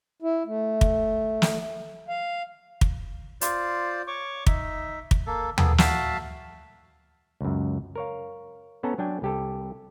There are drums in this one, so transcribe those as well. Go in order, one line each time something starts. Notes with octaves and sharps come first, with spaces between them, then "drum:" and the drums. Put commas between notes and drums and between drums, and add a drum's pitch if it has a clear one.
E4
A3
drum: kick
drum: snare
F5
drum: kick
F4 C5 D5, drum: hi-hat
C#5 C#6 D6
D#4 E5, drum: kick
drum: kick
A#3 A4
A#3 B3 G#4 A4, drum: tom D#2
F#4 E5 F5 A5, drum: snare
C#2 F#2
A#4 C#5 F5
B3 C#4 A4 A#5
F#3 D4 G5 G#5
C2 G4 A4